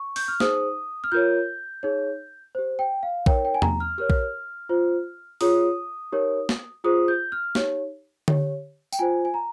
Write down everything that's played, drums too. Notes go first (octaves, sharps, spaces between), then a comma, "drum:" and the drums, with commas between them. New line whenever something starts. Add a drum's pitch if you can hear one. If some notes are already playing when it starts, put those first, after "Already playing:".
Already playing: C#6
G6, drum: open hi-hat
F6
D#4 G#4 C5 D#6, drum: snare
F6
F4 A#4 C#5 G6
D#4 G#4 C#5
G4 C5
G5
F5
D#4 A#4 C#5 G5, drum: kick A#1
G5
G#5
A#5, drum: tom E2
F6
G4 A#4 C#5 F6
drum: kick A#1
F4 C5
F4 G#4 C#5 D#6, drum: open hi-hat
D#4 G4 A#4 C#5
drum: snare
F4 G#4 C5 D#6
G6
F6
D#4 G4 C#5, drum: snare
G4 C#5, drum: tom D3
G5, drum: tambourine
F4 C5 G#5
G#5
A#5